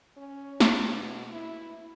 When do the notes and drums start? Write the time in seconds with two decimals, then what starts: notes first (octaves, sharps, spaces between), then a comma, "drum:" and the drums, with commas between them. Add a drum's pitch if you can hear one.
0.17 C#4
0.60 F4, drum: snare
0.92 B2
1.33 E4